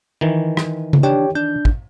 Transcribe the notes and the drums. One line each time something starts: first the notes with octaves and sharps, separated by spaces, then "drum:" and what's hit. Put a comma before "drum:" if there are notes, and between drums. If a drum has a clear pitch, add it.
D#3 E3
drum: rim click
drum: tom C#3
D4 G4 C#5 G5
D4 G6
drum: kick